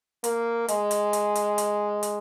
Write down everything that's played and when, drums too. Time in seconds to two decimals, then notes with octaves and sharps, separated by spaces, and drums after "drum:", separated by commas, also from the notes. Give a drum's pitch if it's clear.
0.24 A#3, drum: hi-hat
0.68 G#3, drum: hi-hat
0.91 drum: hi-hat
1.13 drum: hi-hat
1.36 drum: hi-hat
1.58 drum: hi-hat
2.03 drum: hi-hat